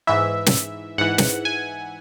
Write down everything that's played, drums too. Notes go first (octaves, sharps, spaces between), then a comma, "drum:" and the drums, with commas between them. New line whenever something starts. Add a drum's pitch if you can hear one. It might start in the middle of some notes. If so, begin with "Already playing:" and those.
G#2 E3 E5
drum: snare
G#2 E3 F#5
drum: snare
G#5